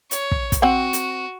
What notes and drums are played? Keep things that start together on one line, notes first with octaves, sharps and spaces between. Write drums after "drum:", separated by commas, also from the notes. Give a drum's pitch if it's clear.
C#5, drum: hi-hat
drum: kick
drum: kick, hi-hat
C4 F#4 F#5 G5
drum: hi-hat